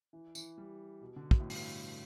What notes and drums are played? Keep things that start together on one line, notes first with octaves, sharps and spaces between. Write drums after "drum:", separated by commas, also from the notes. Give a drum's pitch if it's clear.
E3
E3, drum: tambourine
G3
B2
D3
B2, drum: kick
A2
G2, drum: open hi-hat
A2